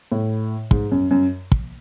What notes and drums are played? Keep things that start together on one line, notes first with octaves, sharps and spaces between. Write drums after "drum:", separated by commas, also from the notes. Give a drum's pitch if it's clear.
A2
G#2, drum: kick
F#2
F#2
drum: kick